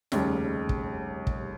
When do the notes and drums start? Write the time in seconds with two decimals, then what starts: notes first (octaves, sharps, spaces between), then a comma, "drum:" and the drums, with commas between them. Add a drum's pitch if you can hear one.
0.12 F1 D#2 C#3 G3, drum: snare
0.69 drum: kick
1.27 drum: kick